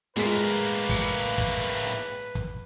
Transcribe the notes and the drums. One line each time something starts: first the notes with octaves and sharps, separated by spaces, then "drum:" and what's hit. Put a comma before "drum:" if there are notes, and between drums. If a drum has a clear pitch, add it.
A2 G#3 A#3 B4 B6
drum: hi-hat
drum: kick, open hi-hat
drum: kick, hi-hat
drum: hi-hat
drum: hi-hat
drum: kick, hi-hat